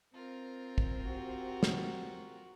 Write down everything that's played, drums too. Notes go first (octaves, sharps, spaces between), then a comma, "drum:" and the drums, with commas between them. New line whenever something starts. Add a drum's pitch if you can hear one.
C4 F4 A#4
drum: kick
F#4 G4
drum: snare